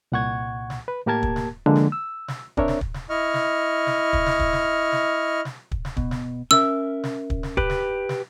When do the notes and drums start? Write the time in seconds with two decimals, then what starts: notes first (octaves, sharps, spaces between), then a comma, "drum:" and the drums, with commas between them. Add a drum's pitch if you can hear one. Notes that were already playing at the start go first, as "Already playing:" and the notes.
0.12 C2 A#2 F#5 C#6 G#6
0.70 drum: snare
0.88 B4
1.06 A2 A#3 G4 A#4 A5 G#6
1.23 drum: kick
1.36 drum: snare
1.66 D3 F3 G#3 A#3 D4
1.75 drum: snare
1.92 E6
2.28 drum: snare
2.57 C4 D4 A#4 C#5 E5, drum: kick
2.68 drum: snare
2.81 drum: kick
2.94 drum: snare
3.10 E4 D#5 C#6 F6
3.34 drum: snare
3.87 drum: snare
4.13 drum: kick
4.26 drum: snare
4.39 drum: kick
4.53 drum: snare
4.92 drum: snare
5.45 drum: snare
5.71 drum: kick
5.85 drum: snare
5.97 B2, drum: kick
6.11 drum: snare
6.51 C#4 A#4 E5 E6, drum: snare
7.03 drum: snare
7.30 drum: kick
7.43 drum: snare
7.57 G4 B4, drum: kick
7.70 drum: snare
8.09 drum: snare